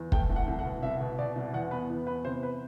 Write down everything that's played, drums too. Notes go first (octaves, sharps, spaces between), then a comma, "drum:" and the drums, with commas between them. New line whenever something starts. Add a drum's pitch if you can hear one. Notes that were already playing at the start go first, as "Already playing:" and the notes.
Already playing: E2
A3 G5, drum: kick
C2
F#5
C2
F#5
B2
C2 E5
B2
B2 D5
C2
E2 F#5
B3 B4
E2
B3 B4
C3 C5
B4